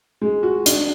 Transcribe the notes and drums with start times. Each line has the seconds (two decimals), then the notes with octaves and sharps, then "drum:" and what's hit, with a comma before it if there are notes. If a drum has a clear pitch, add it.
0.21 G#3
0.43 F#4
0.66 D4, drum: hi-hat